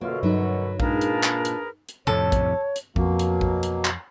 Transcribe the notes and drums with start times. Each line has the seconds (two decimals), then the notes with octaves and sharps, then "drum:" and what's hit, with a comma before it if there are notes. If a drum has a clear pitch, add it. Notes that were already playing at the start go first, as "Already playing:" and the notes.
0.01 F#2 B2 D3 A#3 F4
0.23 G2 F#3 D#4 B4
0.80 A#2 G#3 A#3 D4 G#4 A#4 B4, drum: kick A#1
1.01 drum: hi-hat
1.23 drum: clap
1.45 drum: hi-hat
1.89 drum: hi-hat
2.07 F2 A2 C3 A4 C#5
2.32 drum: kick A#1, hi-hat
2.76 drum: hi-hat
2.96 F2 B2 F#3 A#3, drum: kick A#1
3.19 drum: hi-hat
3.41 drum: kick A#1
3.63 drum: hi-hat
3.85 drum: clap